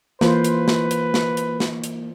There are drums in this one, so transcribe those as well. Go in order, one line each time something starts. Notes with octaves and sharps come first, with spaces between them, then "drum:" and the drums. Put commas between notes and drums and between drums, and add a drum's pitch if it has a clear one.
E3 A#3 F4 B4 C5, drum: snare
drum: hi-hat
drum: snare
drum: hi-hat
drum: snare
drum: hi-hat
drum: snare
drum: hi-hat